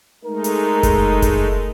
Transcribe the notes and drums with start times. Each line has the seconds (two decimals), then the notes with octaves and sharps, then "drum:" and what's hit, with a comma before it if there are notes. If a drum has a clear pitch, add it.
0.25 G#3 A3 D#4 A#4
0.44 drum: hi-hat
0.83 drum: kick F#1, hi-hat
1.22 drum: kick F#1, hi-hat